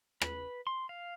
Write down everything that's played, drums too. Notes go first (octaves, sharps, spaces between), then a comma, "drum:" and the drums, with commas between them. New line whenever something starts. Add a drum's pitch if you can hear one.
B4, drum: rim click
C6
F5